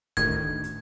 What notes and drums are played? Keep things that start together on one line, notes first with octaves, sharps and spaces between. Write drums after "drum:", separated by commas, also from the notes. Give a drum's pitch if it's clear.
A1 D2 D#3 G#6, drum: kick, hi-hat
drum: hi-hat